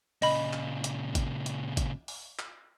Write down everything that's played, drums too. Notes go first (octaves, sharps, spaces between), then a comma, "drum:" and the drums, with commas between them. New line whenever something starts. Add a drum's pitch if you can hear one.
A#2 C#3 D#5 B5, drum: open hi-hat
drum: clap
drum: hi-hat
drum: kick G#1, hi-hat
drum: hi-hat
drum: kick G#1, hi-hat
drum: open hi-hat
drum: clap